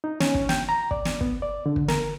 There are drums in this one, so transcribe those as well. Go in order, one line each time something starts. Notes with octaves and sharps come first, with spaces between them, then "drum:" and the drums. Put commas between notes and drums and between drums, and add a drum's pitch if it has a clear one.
D#4
C#4, drum: snare
drum: kick
G5, drum: snare
A#5
D5, drum: kick
drum: snare
B3, drum: kick
D5
D3
drum: kick
A#4, drum: snare